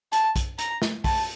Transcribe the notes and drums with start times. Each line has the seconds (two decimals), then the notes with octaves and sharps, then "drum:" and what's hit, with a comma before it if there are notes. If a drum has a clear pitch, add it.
0.13 A5, drum: hi-hat
0.36 drum: kick, hi-hat
0.59 A#5, drum: hi-hat
0.82 drum: snare
1.04 A5, drum: kick, open hi-hat